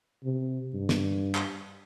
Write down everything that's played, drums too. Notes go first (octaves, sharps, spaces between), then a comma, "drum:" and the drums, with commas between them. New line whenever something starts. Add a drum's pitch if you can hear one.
C3
G2
drum: snare
drum: clap